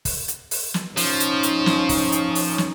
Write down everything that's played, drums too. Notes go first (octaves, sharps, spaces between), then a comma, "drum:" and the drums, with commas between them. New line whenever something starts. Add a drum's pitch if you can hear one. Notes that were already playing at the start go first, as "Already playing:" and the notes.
drum: kick, open hi-hat
drum: hi-hat
drum: open hi-hat
drum: snare
F3 C#4 D#4, drum: open hi-hat
drum: hi-hat
drum: hi-hat
drum: snare
drum: kick, open hi-hat
drum: hi-hat
drum: open hi-hat
drum: snare